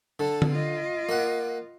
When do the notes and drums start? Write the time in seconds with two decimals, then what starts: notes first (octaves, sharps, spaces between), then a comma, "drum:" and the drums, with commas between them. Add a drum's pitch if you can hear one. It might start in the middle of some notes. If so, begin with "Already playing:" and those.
0.20 D3 A4
0.42 drum: tom D3
0.51 F4 D#5
1.09 A#3 F#5